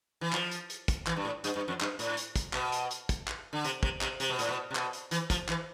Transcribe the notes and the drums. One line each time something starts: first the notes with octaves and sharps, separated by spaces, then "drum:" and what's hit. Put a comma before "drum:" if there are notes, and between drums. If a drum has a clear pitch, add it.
E3
F3, drum: clap
drum: hi-hat
drum: hi-hat
drum: kick, hi-hat
E3, drum: clap
G2
A2
G2, drum: hi-hat
G2
F2
G2, drum: clap
A2, drum: hi-hat
drum: hi-hat
drum: kick, hi-hat
B2, drum: clap
drum: hi-hat
drum: hi-hat
drum: kick, hi-hat
drum: clap
D3
C3, drum: hi-hat
C3, drum: kick
C3, drum: clap
C3, drum: hi-hat
B2
A2, drum: hi-hat
B2
C3
B2, drum: clap
drum: hi-hat
E3, drum: hi-hat
F3, drum: kick, hi-hat
E3, drum: clap